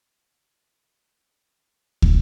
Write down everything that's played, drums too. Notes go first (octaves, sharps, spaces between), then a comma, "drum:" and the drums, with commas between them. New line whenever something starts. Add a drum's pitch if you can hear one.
G#4 C5 F#5 G#5
G3 A4 A#4 E5 F#5
drum: kick